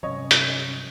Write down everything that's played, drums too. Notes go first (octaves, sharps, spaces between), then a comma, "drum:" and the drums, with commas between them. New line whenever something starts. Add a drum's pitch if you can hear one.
G2 C3 F3 F#3 C#4 C#5 D#5
drum: hi-hat